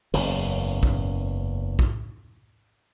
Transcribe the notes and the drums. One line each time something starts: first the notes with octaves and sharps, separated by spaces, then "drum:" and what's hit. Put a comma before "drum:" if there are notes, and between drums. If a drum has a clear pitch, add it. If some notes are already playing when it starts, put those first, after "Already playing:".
F#1 E2 C#3, drum: open hi-hat
drum: kick
drum: kick